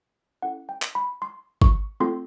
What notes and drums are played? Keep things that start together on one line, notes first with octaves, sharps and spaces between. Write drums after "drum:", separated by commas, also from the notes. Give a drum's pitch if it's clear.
C#4 E4 A4 F#5
G5
drum: clap
B5
C6
C#6, drum: kick G#1
A3 C4 F4 A4 C6